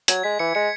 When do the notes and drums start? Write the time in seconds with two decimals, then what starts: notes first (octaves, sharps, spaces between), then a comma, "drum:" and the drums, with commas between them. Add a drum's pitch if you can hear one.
0.08 F#3 G#6, drum: hi-hat
0.24 G#3 B6
0.39 E3 C#7
0.55 G#3 C#7